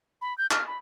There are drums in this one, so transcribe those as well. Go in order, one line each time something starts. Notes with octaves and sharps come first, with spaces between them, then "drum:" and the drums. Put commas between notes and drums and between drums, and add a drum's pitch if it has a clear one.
B5
G6
F6, drum: clap
B5